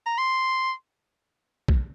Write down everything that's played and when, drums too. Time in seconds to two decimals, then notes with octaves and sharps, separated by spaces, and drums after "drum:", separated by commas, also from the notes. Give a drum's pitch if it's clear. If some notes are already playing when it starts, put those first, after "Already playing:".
0.06 A#5
0.18 C6
1.68 drum: kick B1